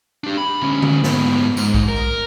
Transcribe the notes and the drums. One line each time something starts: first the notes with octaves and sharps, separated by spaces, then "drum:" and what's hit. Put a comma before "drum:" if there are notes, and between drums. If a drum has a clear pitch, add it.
D4 G4
B5
D2 C#4
drum: tom D3
G#2 B3, drum: snare
G#2, drum: tambourine
drum: kick B1
A#4